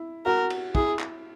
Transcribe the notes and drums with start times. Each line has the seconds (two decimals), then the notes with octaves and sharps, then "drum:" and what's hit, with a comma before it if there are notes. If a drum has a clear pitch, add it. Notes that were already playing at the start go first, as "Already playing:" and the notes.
Already playing: E4
0.26 F#4 A#4
0.50 drum: cymbal
0.75 E4 G#4, drum: kick
0.99 drum: clap